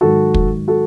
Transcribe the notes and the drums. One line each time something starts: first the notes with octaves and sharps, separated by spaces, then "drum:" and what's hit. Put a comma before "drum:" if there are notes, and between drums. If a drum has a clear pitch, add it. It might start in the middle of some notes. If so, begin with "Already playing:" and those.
G#2 D#3 F#3 F#4 A4
drum: kick
F#4 A4